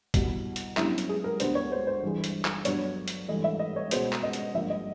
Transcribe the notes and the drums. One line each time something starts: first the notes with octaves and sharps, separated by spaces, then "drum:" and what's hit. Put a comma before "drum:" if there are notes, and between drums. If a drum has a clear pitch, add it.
C2 B2 G3, drum: kick, hi-hat
drum: hi-hat
F#2 D3 G3 B3 E4, drum: clap
drum: hi-hat
G#4
A#4
D2 D3 G3 B3 C5, drum: hi-hat
C#5
C5
C5
G1 G2 E3 G#3
drum: hi-hat
drum: clap
G2 D3 F#3 B3 C#5, drum: hi-hat
drum: hi-hat
G#1 G2 E3 A3 D#5
E5
D#5
C#5
C#2 B2 G#3 C5, drum: hi-hat
drum: clap
D#5
drum: hi-hat
G1 G2 D3 F3 A#3 E5
D#5